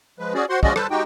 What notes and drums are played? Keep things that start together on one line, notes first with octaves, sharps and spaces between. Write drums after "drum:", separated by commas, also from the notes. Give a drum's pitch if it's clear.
F3 G#3 B4
C#4 F#4 G#4 D5
F#4 C5 F#5 C6
F3 G#3 C#4 F#4 D5 D#5, drum: kick
G3 A4 B4 C5 A5, drum: rim click
G#3 D#4 F#4 G4 G5